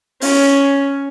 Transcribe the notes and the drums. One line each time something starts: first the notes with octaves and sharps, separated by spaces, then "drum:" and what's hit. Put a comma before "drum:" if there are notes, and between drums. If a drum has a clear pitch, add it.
C#4, drum: open hi-hat